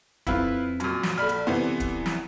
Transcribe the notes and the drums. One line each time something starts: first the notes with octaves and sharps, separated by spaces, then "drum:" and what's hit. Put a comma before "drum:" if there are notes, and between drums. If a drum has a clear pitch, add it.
F2 C4 E4 F4 B4, drum: kick D1, hi-hat
F#2 A#2, drum: hi-hat
drum: snare
A#1 A4 D5 B5 F6
drum: hi-hat
C3 E3 B3 C5
drum: kick D1, hi-hat
drum: snare